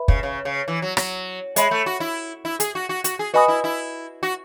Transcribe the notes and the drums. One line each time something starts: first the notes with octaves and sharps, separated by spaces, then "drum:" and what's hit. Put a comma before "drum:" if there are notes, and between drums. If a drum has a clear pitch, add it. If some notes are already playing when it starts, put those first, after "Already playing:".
Already playing: B4 E5 B5
C#3, drum: kick
C#3
C#3
E3
F#3
F#3, drum: rim click
G#3 C#5 E5 B5, drum: hi-hat
A3
F#4
E4
E4
G#4, drum: hi-hat
F#4
F#4
F#4, drum: hi-hat
G#4
F#4 B4 D#5 G#5 B5 D#6
E4
E4
F#4